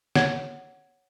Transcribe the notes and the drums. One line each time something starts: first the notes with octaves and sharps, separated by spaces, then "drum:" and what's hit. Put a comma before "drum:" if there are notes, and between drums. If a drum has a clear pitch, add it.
C#5 F#5 G#6, drum: snare